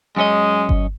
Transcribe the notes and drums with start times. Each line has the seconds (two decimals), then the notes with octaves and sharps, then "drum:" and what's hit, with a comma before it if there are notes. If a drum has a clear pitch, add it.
0.17 F#2 G#3 C#4 D#5
0.69 drum: kick G1